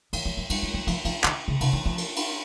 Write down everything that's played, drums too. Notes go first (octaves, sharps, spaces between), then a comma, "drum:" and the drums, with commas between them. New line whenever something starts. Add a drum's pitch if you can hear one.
E3, drum: cymbal
F3
F#3
G3, drum: cymbal
G3
F#3
F3, drum: cymbal
F3, drum: cymbal
D#3, drum: clap
C#3
C3, drum: cymbal
E3
F3
drum: cymbal
drum: cymbal